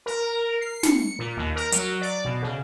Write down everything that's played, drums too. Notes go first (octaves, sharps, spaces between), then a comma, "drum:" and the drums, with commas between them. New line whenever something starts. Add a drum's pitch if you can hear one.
A#4
C7
C#7, drum: snare
A#2
D#2
A#4
F#3, drum: hi-hat
D5
B2
C#3